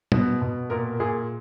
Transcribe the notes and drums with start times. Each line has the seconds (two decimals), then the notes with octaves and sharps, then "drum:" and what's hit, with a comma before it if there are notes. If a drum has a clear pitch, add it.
0.12 B2, drum: tom
0.41 B2
0.70 A#2 A#4
1.00 A#2 G#4